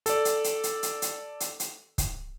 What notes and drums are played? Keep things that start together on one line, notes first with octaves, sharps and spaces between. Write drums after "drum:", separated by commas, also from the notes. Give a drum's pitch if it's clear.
A4 D5, drum: hi-hat
drum: hi-hat
drum: hi-hat
drum: hi-hat
drum: hi-hat
drum: hi-hat
drum: hi-hat
drum: hi-hat
drum: kick, hi-hat